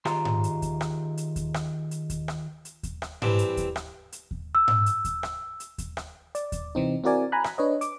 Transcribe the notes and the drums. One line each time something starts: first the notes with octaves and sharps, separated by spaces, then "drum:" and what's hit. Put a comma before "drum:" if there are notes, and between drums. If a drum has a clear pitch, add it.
D#3 F4 G4 G#4 A#5 C6, drum: rim click
drum: tom G#2
drum: hi-hat
drum: kick D#2, hi-hat
drum: rim click
drum: hi-hat
drum: kick D#2, hi-hat
drum: rim click
drum: hi-hat
drum: kick D#2, hi-hat
drum: rim click
drum: hi-hat
drum: kick D#2, hi-hat
drum: rim click
E3 G3 C4 D4, drum: tom G#2
drum: hi-hat
drum: kick D#2, hi-hat
drum: rim click
drum: hi-hat
drum: kick D#2
E6
drum: tom G#2
drum: hi-hat
drum: kick D#2, hi-hat
drum: rim click
drum: hi-hat
drum: kick D#2, hi-hat
drum: rim click
D5, drum: hi-hat
drum: kick D#2, hi-hat
C3 E3 C4 D#4
C4 E4 F#4 A#4 D5 G#5
G#5 A#5 B5 F#6
drum: rim click
D4 B4 C#5 D#5
D6, drum: hi-hat